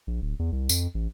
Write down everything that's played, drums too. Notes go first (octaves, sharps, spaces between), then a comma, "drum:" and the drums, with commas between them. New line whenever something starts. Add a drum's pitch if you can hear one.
A#1
D1
E2
C2
F2, drum: tambourine
A1